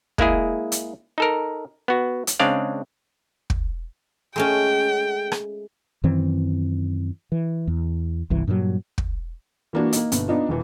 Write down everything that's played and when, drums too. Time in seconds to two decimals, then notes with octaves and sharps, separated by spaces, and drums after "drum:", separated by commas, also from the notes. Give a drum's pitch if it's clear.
0.18 G#3 A#3 E4 G#4, drum: kick
0.72 drum: hi-hat
1.18 D#4 A4 A#4
1.88 B3 F#4
2.27 drum: hi-hat
2.40 C#3 G#3 C4 D4 D5 F5
3.50 drum: kick
4.36 G#3 A3 C#4 G5
5.32 drum: rim click
6.04 F#2 D#3 E3 C4
7.32 E3
7.67 E2
8.30 G1 C2 E3
8.47 G2 A#2 C#3 F#3
8.98 drum: kick
9.73 E3 A#3 D4 F#4
9.93 A#3 D#4, drum: hi-hat
10.12 G1 B2, drum: hi-hat
10.28 B3 D4 D#4 F4
10.49 E1 E2 E3